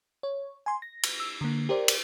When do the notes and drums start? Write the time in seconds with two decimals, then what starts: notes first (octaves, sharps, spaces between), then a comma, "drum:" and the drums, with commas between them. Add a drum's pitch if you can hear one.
0.23 C#5
0.66 G#5 C6
0.82 A#6
1.03 drum: cymbal
1.20 E6
1.41 D3 A#3
1.69 G4 A#4 C5 D5
1.88 drum: cymbal